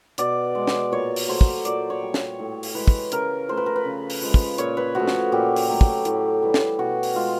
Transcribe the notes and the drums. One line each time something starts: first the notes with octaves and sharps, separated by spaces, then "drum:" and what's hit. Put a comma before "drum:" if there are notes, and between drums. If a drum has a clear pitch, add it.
B2 D5, drum: hi-hat
G#3
drum: snare
A#2 C#5
drum: open hi-hat
F#3 A3 C5
drum: kick
A#2 D5, drum: hi-hat
C#5
G3
drum: snare
A2
drum: open hi-hat
E3 G#3 B4
drum: kick
C#3 A#4, drum: hi-hat
F3 A3 C5
B4
A#4
B4
C#3
drum: open hi-hat
F3 G#3
drum: kick
A#2 C#5, drum: hi-hat
B4
F3 A3 F#4
drum: snare
A#2 G4
drum: open hi-hat
F#3 A3
drum: kick
A2, drum: hi-hat
E3 G3
drum: snare
B2 F#4
drum: open hi-hat
G#3 F4